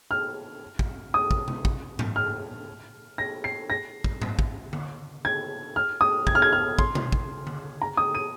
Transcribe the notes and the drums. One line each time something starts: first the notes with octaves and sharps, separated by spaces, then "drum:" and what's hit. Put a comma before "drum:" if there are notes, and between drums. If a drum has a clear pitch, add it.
F6
drum: kick
D#6
drum: kick
drum: tom
drum: kick
drum: tom G#2
F6
A#6
C7
A#6
drum: kick
drum: tom G#2
drum: kick
drum: tom D3
G#6
F6
D#6
G#6, drum: kick
F6
G#6
F6
C6, drum: kick
drum: tom B2
drum: kick
drum: tom D3
A#5
D#6
D#7